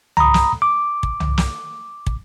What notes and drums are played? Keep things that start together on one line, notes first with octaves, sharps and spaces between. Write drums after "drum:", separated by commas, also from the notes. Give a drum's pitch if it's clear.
A#5 B5 D#6, drum: tom
drum: snare
D6
drum: kick
drum: tom
drum: snare
drum: kick